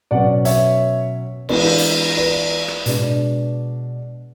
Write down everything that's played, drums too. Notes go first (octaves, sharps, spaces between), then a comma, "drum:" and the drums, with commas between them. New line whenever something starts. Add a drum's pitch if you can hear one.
B2 F#3 C#4 D5 F#5
C#5 E5, drum: hi-hat
E3 G#3 B3 D4, drum: cymbal
drum: hi-hat
B4 D5
drum: rim click
B2 G#3 D4, drum: hi-hat